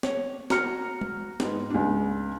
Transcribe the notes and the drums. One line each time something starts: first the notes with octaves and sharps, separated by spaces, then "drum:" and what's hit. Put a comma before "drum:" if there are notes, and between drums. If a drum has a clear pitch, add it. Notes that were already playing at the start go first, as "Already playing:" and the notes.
C#5, drum: snare
F#4 A#5 F6 C#7, drum: snare
drum: tom
G#2 B3 D#4, drum: snare
C#2 D4